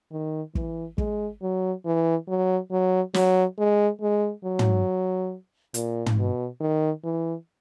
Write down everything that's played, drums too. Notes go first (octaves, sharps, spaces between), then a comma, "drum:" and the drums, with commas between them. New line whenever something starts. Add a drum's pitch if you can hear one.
D#3
E3, drum: kick
G#3, drum: kick
F#3
E3
F#3
F#3
F#3, drum: snare
G#3
G#3
F#3
drum: tom
A#2, drum: hi-hat
drum: tom
B2
D#3
E3